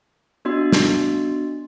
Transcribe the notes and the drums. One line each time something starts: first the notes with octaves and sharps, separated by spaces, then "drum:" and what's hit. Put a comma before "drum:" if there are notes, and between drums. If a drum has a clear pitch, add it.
B3 D4 F#4 D#5 C6
drum: snare